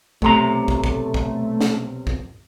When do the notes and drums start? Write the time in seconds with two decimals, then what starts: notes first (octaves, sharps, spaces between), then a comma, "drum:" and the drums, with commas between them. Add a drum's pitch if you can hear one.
0.22 B1 C3 A3 A#5, drum: kick
0.68 drum: kick
0.84 drum: kick
1.14 drum: kick
1.61 drum: snare
2.07 drum: kick